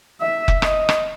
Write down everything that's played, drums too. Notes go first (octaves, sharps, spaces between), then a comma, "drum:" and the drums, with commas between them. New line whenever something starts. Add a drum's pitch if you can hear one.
E5
drum: kick F1
D#5, drum: rim click
drum: rim click